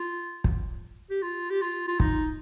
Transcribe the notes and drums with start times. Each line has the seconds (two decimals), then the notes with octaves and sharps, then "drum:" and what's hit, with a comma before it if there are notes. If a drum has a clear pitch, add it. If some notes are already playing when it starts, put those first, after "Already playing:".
Already playing: F4
0.44 drum: kick
1.10 G4
1.22 F4
1.50 G4
1.61 F4
1.88 F4
2.00 D#4, drum: kick